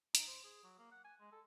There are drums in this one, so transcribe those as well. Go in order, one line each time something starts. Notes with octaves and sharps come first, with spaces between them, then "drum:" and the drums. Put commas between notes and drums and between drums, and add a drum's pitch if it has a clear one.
D#4, drum: hi-hat
C5
G#4
F#3
A#3
F#5
G#5
G#3
A4